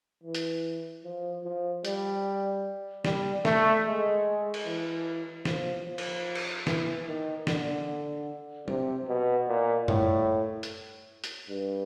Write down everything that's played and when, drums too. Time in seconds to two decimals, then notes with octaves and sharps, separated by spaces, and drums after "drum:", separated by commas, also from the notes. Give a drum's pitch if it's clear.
0.23 E3
0.35 drum: hi-hat
1.04 F3
1.44 F3
1.85 G3, drum: hi-hat
3.05 G3, drum: snare
3.45 A3, drum: snare
3.86 G#3
4.54 drum: cymbal
4.66 E3
5.45 F3, drum: snare
5.86 F3
5.98 drum: cymbal
6.35 drum: cymbal
6.67 E3, drum: snare
7.07 D#3
7.47 D3, drum: snare
8.68 C3, drum: tom
9.08 B2
9.48 A#2
9.88 A2, drum: tom F#2
10.63 drum: hi-hat
11.24 drum: hi-hat
11.49 G2